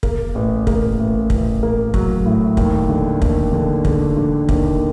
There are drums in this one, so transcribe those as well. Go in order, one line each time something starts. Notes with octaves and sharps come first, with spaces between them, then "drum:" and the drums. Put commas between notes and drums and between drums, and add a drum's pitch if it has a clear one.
A#3, drum: kick
A1
A#3, drum: kick
A1
A1, drum: kick
A#3
F#3, drum: kick
A2
D#2, drum: kick
D3
D#2, drum: kick
D3
D3, drum: kick
D3
D#2, drum: kick